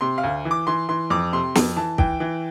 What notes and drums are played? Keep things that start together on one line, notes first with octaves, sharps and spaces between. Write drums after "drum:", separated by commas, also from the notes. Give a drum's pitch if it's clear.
C3 C6
F5
D2
E3
D6
E3 C6
E3 C6
F2 D6
C3 C6
F2, drum: snare
E3 A5
E3 G5, drum: kick
E3